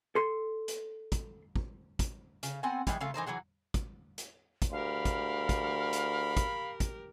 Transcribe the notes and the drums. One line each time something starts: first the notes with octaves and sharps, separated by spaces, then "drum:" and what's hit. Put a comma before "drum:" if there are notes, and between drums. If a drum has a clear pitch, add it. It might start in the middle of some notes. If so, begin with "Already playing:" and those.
A4 C6
drum: hi-hat
drum: kick, hi-hat
drum: kick
drum: kick, hi-hat
C#3, drum: hi-hat
B3 C4 F#5 G#5
E3 G3 G#3, drum: kick, hi-hat
C#3 A3 F4
E3 D#4 A#4 C5
E3 F#3 F#4 G#4
drum: kick, hi-hat
drum: hi-hat
drum: kick, hi-hat
D2 G4 A#4 F5 B5
drum: kick, hi-hat
drum: kick, hi-hat
drum: hi-hat
drum: kick, hi-hat
drum: kick, hi-hat